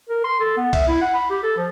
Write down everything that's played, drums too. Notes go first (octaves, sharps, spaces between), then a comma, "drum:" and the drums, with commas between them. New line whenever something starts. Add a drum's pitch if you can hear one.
A#4
C6
A4
B3
E5, drum: kick C2, cymbal
E4
F#5
B5
G4
A4
F3